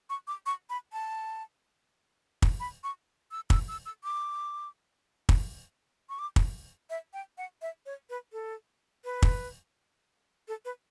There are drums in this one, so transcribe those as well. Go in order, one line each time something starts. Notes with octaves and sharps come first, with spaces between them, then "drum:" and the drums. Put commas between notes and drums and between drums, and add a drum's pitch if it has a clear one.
C#6
D6
C#6
B5
A5
drum: kick
B5
C#6
E6
E6, drum: kick
E6
E6
D6
drum: kick
C#6
D6
drum: kick
E5
G5
F#5
E5
C#5
B4
A4
B4
drum: kick
A4
B4